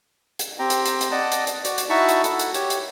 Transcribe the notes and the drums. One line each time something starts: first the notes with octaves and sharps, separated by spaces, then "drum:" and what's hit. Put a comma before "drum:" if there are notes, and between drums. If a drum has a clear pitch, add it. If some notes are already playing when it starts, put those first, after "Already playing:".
drum: hi-hat
C4 G4 G5 A#5
drum: hi-hat
drum: hi-hat
drum: hi-hat
D5 D#5 F#5 A5
drum: hi-hat
drum: hi-hat
F#4 D5, drum: hi-hat
drum: hi-hat
D#4 E4 F#4 A5 B5 C#6
drum: hi-hat
A4 F#5, drum: hi-hat
drum: hi-hat
G4 C#5, drum: hi-hat
drum: hi-hat